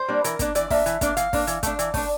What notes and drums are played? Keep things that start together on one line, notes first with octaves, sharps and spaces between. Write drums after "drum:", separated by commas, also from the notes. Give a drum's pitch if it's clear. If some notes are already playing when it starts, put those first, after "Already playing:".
Already playing: C5
G3 A#3 D4
E3 A#4, drum: hi-hat
A#3 D4, drum: kick, hi-hat
E3 D5, drum: hi-hat
A#3 D4 E5, drum: kick, open hi-hat
E3, drum: hi-hat
A#3 D4, drum: kick, hi-hat
E3 F5, drum: hi-hat
A#3 D4, drum: kick, open hi-hat
E3, drum: hi-hat
A3 D4, drum: kick, hi-hat
E3, drum: hi-hat
A3 D4, drum: kick, open hi-hat